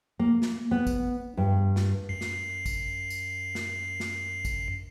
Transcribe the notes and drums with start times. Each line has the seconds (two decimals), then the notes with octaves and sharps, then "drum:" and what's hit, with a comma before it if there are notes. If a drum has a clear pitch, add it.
0.19 A#3
0.42 drum: snare
0.71 B3
0.87 drum: kick, tambourine
1.37 G2
1.76 drum: snare
2.09 F#2 C7
2.21 drum: snare
2.66 drum: kick, tambourine
3.10 drum: tambourine
3.55 drum: snare
4.00 drum: snare
4.45 drum: kick, tambourine